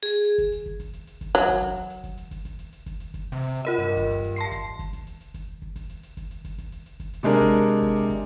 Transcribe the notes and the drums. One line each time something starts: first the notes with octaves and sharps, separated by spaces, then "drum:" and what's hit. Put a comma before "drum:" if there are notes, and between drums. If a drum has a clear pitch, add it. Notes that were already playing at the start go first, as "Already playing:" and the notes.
G#4
drum: hi-hat
drum: kick, hi-hat
drum: hi-hat
drum: kick
drum: kick, hi-hat
drum: hi-hat
drum: hi-hat
drum: kick, hi-hat
F#3, drum: hi-hat
drum: kick
drum: kick, hi-hat
drum: hi-hat
drum: hi-hat
drum: kick, hi-hat
drum: hi-hat
drum: kick, hi-hat
drum: kick, hi-hat
drum: hi-hat
drum: hi-hat
drum: kick, hi-hat
drum: hi-hat
drum: kick, hi-hat
C3
drum: hi-hat
drum: hi-hat
F4 A#4 D#5
G2
drum: kick, hi-hat
drum: kick, hi-hat
drum: hi-hat
A5 C6 C7, drum: hi-hat
drum: kick, hi-hat
drum: kick, hi-hat
drum: kick, hi-hat
drum: hi-hat
drum: hi-hat
drum: kick, hi-hat
drum: kick
drum: kick, hi-hat
drum: hi-hat
drum: hi-hat
drum: kick, hi-hat
drum: hi-hat
drum: kick, hi-hat
drum: kick, hi-hat
drum: hi-hat
drum: hi-hat
drum: kick, hi-hat
drum: hi-hat
C3 G#3 D4 A#4
drum: kick, hi-hat
drum: hi-hat
drum: hi-hat
drum: kick, hi-hat
drum: hi-hat
drum: kick, hi-hat